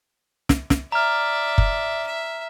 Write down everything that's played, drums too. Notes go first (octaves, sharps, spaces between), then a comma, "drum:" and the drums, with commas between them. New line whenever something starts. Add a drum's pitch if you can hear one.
drum: snare
drum: snare
D5 E5 A#5 F6
drum: kick F#1
E5